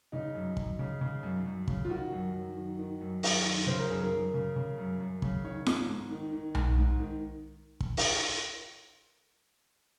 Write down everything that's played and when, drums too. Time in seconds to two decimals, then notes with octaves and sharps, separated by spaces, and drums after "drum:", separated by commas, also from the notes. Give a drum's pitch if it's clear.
0.12 C#3 D#4
0.35 F#2
0.57 F#2, drum: kick
0.79 C#3
1.01 C#3
1.23 F#2
1.46 F#2
1.68 C#3, drum: kick
1.85 F4
1.90 D#3 F#4
2.12 F#2
2.34 F#2
2.57 D#3
2.79 D#3
3.01 F#2
3.23 F#2, drum: open hi-hat
3.45 D#3
3.67 C#3 C5
3.79 A#4
3.89 F#2 G#4
4.02 A#4
4.12 F#2
4.34 C#3
4.56 C#3
4.78 F#2
5.00 F#2
5.22 C#3, drum: kick
5.44 D#3 C#5
5.66 G#2, drum: snare
5.89 G#2
6.11 D#3
6.33 D#3
6.55 G#2, drum: tom B1
6.77 G#2
7.00 D#3
7.80 drum: kick
7.97 drum: open hi-hat